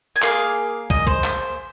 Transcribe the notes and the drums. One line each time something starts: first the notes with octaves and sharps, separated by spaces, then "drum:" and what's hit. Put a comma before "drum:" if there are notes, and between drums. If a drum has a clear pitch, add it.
G#5
A#3 G#4 F5, drum: clap
D#5, drum: kick
C5, drum: kick
drum: clap